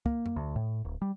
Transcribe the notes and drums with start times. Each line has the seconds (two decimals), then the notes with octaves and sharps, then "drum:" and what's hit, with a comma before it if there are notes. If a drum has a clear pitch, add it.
0.06 A#3, drum: kick
0.26 drum: tom F2
0.36 D2
0.56 A2
0.85 D1
1.02 G3